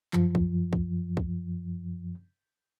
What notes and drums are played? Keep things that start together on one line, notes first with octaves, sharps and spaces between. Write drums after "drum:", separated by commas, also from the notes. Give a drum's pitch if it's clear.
F#2 F3, drum: clap
drum: kick
drum: kick
drum: kick